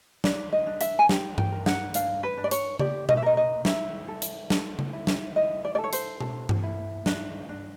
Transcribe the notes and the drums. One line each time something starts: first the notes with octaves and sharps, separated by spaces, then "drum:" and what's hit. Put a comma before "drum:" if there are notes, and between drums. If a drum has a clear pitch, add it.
D4 D5, drum: snare
D#5
D4
E5, drum: hi-hat
G#5
G4 G5, drum: snare
G5, drum: tom G2
A#4
F#5, drum: snare
D4 F5, drum: hi-hat
B4
D4
D5
C#5, drum: hi-hat
G4 D5, drum: tom C#3
D#5, drum: tom B2
E5
A#4 D#5
D#5
E4 E5, drum: snare
A4
drum: hi-hat
A4, drum: snare
drum: tom C#3
E4
drum: snare
E4 D#5
D5
D5
A4
C#5
C5, drum: hi-hat
A4, drum: tom B2
drum: tom G2
E4
D4, drum: snare
D4